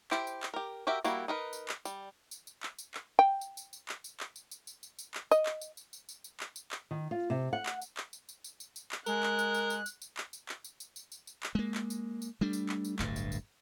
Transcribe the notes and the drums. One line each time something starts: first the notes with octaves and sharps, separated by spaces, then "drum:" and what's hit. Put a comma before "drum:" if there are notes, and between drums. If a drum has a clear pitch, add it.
E4 G4 C5, drum: clap
drum: tambourine
drum: clap
G4 A#4
F#4 G4 A#4 E5
G3 A#3 E4 F#4, drum: tambourine
D#4 A#4 B4
drum: tambourine
drum: clap
G3, drum: tambourine
drum: tambourine
drum: tambourine
drum: clap
drum: tambourine
drum: clap
G5
drum: tambourine
drum: tambourine
drum: tambourine
drum: clap
drum: tambourine
drum: clap
drum: tambourine
drum: tambourine
drum: tambourine
drum: tambourine
drum: tambourine
drum: clap
D#5, drum: tambourine
drum: clap
drum: tambourine
drum: tambourine
drum: tambourine
drum: tambourine
drum: tambourine
drum: clap
drum: tambourine
drum: clap
D#3
F4
C3
F#5
drum: clap
drum: tambourine
drum: clap
drum: tambourine
drum: tambourine
drum: tambourine
drum: tambourine
drum: tambourine
drum: clap
G#3 A#4 F#6, drum: tambourine
drum: clap
drum: tambourine
drum: tambourine
drum: tambourine
drum: tambourine
drum: tambourine
drum: clap
drum: tambourine
drum: clap
drum: tambourine
drum: tambourine
drum: tambourine
drum: tambourine
drum: tambourine
drum: clap
G#3 A#3
drum: clap
drum: tambourine
drum: tambourine
G3 A3 D4
drum: tambourine
drum: clap
drum: tambourine
D1 G1 D2 G2, drum: clap
drum: tambourine
drum: tambourine